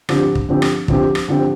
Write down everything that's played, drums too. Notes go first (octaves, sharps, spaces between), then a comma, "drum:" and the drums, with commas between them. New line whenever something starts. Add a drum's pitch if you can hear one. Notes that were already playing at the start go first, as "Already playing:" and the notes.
D3 F3 C4 G4, drum: rim click
drum: kick
D3 F3 C4 G4
drum: rim click
D3 F3 C4 G4, drum: kick
drum: rim click
D3 F3 C4 G4